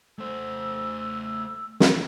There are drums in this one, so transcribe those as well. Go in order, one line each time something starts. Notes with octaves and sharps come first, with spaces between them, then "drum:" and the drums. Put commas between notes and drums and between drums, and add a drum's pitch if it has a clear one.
A3 C5 E6
drum: snare